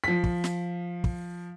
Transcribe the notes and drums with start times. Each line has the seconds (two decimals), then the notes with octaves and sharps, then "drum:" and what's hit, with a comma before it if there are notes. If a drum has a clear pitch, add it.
0.04 F3 B6
0.24 drum: kick
0.44 drum: snare
1.04 drum: kick